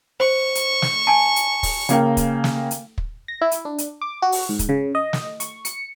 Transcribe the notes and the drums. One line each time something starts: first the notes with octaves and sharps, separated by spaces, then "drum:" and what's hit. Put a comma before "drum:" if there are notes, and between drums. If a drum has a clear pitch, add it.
C5 C#6
drum: hi-hat
drum: snare
G#5 A5
drum: hi-hat
drum: kick, open hi-hat
C#3 A#3 G5, drum: hi-hat
drum: kick, hi-hat
drum: snare
drum: hi-hat
drum: kick
A#6
E4
drum: hi-hat
D4
drum: hi-hat
D6
F#4
drum: open hi-hat
G#2
drum: kick, hi-hat
C#3
D#5
drum: snare
C#6, drum: hi-hat
C#7, drum: hi-hat